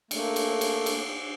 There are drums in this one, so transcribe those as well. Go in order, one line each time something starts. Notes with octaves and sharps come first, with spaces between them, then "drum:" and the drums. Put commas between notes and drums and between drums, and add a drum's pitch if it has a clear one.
A3 A#3, drum: cymbal
drum: cymbal
drum: cymbal
drum: cymbal